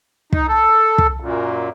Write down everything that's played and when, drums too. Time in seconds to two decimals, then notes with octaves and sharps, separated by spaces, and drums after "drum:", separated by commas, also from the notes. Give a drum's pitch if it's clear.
0.33 D#4, drum: kick
0.48 A4
0.98 drum: kick
1.20 F#2 A#2